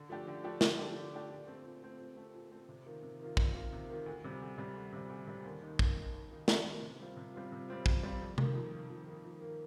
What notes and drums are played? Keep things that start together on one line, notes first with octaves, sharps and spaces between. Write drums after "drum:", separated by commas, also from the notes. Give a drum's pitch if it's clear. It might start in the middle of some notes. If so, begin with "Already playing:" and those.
Already playing: D3
F3 A3 D4 G4
D3
F3 A3 D4 G4
D3, drum: snare
F3 A3 D4 G4
D3
F3 A3 D4 G4
A#2
A3 C4
A#2
A3 C4
A#2
A3 C4
A#2
A3 C4
C3
D#3 A#3 F4
C3
D#3 A#3 F4
C3, drum: kick
D#3 A#3 F4
C3
D#3 A#3 F4
D2
C3 G3
D2
C3 G3
D2
C3 G3
D2
C3 G3
D#2
D#3 A#3 D#4
D#2, drum: kick
D#3 A#3 D#4
D#2
D#3 A#3 D#4
D#2, drum: snare
D#3 A#3 D#4
C3
G3 C4 F4
C3
G3 C4 F4
C3
G3 C4 F4
C3, drum: kick
G3 C4 F4
F2
D#3 A#3, drum: tom C3
F2
D#3 A#3
F2
D#3 A#3
F2
D#3 A#3